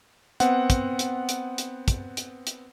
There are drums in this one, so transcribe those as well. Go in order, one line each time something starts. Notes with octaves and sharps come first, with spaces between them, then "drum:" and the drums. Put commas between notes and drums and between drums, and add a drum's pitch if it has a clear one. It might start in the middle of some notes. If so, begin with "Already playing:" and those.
B3 C4 F#5, drum: hi-hat
drum: kick, hi-hat
drum: hi-hat
drum: hi-hat
drum: hi-hat
drum: kick, hi-hat
drum: hi-hat
drum: hi-hat